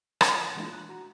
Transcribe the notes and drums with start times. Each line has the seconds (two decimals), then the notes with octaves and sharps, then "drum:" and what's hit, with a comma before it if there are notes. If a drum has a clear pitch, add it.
0.21 C#5 D#5 F5 G5 D6 G6, drum: rim click
0.56 E3 G#3 A#3 D4 E4 F4
0.73 F#6
0.89 F#4 A#5